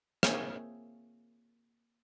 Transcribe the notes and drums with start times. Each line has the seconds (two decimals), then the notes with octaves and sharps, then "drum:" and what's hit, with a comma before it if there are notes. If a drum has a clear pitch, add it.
0.23 A#3 C4 G#4 C#5 E5 G5, drum: rim click